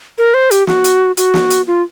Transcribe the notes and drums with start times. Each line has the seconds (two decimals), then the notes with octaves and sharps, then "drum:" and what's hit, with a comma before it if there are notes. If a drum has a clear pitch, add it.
0.18 A#4
0.34 C5
0.51 G4, drum: hi-hat
0.67 F#4, drum: snare
0.84 drum: hi-hat
1.17 F#4, drum: hi-hat
1.34 drum: snare
1.50 drum: hi-hat
1.67 F4